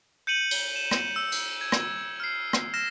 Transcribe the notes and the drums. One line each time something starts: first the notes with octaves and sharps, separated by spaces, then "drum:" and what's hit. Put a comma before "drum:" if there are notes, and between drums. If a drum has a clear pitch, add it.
G6 C#7 D#7 F#7
drum: cymbal
E7
drum: rim click
E6
drum: cymbal
G#6
drum: rim click
F6 C7
drum: rim click
F6 A#6 E7